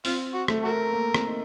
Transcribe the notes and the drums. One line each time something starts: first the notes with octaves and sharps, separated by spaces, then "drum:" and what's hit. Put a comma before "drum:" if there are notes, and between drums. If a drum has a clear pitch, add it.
C4 F4, drum: open hi-hat
F#4
A3, drum: rim click
F#4 A#4
A#3
C4, drum: rim click
D#4